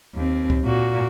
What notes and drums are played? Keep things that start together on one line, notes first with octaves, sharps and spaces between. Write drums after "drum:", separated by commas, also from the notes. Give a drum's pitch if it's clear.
D#2 C4
drum: kick C#2
A#2 F#4